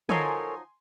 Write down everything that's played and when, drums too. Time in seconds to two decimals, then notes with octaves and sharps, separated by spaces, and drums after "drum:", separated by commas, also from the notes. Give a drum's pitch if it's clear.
0.09 F3 F#3 D#4 A4 A#4 C#5 G#5 C6, drum: tom